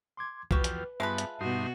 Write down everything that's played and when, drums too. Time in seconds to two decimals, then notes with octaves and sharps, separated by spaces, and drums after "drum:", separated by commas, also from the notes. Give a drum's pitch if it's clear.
0.17 C6 D6 G#6
0.51 E2 F3 F#4 G4 B4, drum: kick B1
0.64 drum: hi-hat
1.00 G2 G#3 B3 F4 B4 E5 A5
1.18 drum: hi-hat
1.41 G2 B2 D#4 F#4 C6